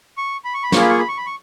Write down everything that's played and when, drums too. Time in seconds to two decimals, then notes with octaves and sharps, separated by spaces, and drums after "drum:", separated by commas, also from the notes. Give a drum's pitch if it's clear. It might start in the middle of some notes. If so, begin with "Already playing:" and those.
0.18 C#6
0.45 B5
0.54 C#6
0.63 B5
0.72 A#3 F4 G#4 C#6, drum: snare
0.81 B5
0.90 C#6
0.99 B5
1.09 C#6
1.17 B5
1.26 C#6